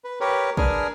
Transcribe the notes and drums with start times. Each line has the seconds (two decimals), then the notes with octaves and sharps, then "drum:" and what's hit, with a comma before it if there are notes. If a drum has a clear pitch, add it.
0.04 B4
0.21 G4 A#4 B4 C#5
0.57 D4 G#4 A#4 B4 G#5 F6, drum: kick